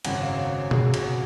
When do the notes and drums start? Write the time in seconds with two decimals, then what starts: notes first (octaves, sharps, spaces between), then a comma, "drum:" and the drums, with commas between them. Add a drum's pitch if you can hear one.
0.05 G#1 F#2 C#3 F#3 F#5, drum: cymbal
0.21 F5
0.37 C#5
0.71 G#1 F#2 C#3 F#3 G#4, drum: tom B2
0.94 F#4, drum: cymbal